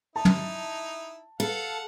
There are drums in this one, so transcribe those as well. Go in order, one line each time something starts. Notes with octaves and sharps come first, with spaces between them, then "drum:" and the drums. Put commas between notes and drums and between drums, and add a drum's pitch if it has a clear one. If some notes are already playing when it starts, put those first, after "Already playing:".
D#4 E4 A5
drum: tom
A4 F5 F#5